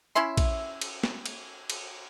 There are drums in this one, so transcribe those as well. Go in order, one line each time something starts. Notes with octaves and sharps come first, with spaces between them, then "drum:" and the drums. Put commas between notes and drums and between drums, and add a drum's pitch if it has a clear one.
C#4 E4 E5 C6
drum: kick, cymbal
drum: cymbal
drum: snare
drum: cymbal
drum: cymbal